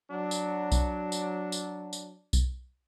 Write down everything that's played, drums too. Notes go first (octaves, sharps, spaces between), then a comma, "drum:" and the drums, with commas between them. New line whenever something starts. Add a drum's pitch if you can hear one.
F#3 D4
drum: tambourine
drum: kick B1, tambourine
drum: tambourine
drum: tambourine
drum: tambourine
drum: kick B1, tambourine